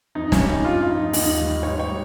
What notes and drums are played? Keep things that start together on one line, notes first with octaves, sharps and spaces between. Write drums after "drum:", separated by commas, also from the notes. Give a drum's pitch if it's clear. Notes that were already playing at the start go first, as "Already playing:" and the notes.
F2 D#4
C#4, drum: snare
D#3 G3
D#4
G2 F4
D#4
F3
D#4
D#2 D#4, drum: open hi-hat
D#3 G3
G#2 C#5
C#5
G3